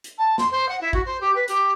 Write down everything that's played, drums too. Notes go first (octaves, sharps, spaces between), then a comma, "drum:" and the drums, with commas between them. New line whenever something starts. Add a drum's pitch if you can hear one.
drum: hi-hat
A5
C6, drum: snare
C5
F#5
E4
F#4, drum: kick
C5
G4
B4
G4, drum: hi-hat